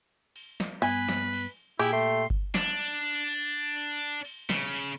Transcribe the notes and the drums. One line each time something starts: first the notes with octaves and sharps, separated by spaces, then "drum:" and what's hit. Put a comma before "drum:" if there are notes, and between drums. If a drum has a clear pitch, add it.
drum: cymbal
drum: snare
G2 B3 B4 G#5, drum: cymbal
drum: snare
drum: cymbal
A#2 E4 G4 G#4, drum: cymbal
A3 C6
drum: kick G1
D4, drum: snare
drum: cymbal
drum: cymbal
drum: cymbal
drum: cymbal
C#3, drum: snare
drum: cymbal